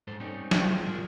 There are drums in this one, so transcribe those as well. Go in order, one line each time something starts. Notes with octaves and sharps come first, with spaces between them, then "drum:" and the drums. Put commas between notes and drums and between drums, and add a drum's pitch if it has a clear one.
G#2 A4 C5
G3 A#3 C4 C#4 D#4
G4 D5 F5 G5, drum: snare
F3 F4 G4
B1 G#2 F#3 G#3 G#4 A#4